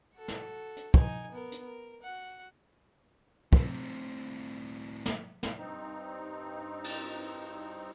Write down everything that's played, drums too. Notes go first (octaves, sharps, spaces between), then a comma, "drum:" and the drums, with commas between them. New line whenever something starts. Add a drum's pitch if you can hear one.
F#4 A4
drum: snare
drum: hi-hat
D#4 G#5, drum: kick
B3 A#4
drum: hi-hat
A#4
F#4 F#5
A2 C4, drum: kick
drum: snare
drum: snare
G2 C4 D#4
drum: cymbal